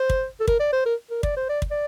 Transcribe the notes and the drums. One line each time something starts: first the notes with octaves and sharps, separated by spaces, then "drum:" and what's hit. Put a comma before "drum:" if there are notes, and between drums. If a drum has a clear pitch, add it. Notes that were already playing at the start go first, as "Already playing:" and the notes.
Already playing: C5
drum: kick
A4
A#4, drum: kick
D5
C5
A#4
A#4
D5, drum: kick
C5
D5
drum: kick
D5